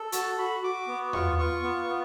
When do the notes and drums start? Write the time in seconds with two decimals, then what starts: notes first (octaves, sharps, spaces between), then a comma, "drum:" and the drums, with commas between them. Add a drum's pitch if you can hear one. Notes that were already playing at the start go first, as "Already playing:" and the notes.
Already playing: A4
0.12 F#4 A5, drum: hi-hat
0.38 F#4 B5
0.63 F#4 D6
0.88 B3
1.13 F4 C#6, drum: tom E2
1.38 F4 C#6
1.63 B3
1.88 B3